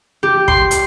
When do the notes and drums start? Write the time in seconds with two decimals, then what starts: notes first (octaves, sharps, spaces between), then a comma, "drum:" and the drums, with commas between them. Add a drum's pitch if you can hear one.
0.23 G4
0.48 C6, drum: kick
0.71 drum: hi-hat